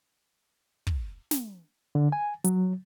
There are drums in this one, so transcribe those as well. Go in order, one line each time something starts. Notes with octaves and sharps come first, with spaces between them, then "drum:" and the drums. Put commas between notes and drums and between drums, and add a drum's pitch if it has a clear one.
drum: kick
drum: snare
D3
G#5
F#3, drum: hi-hat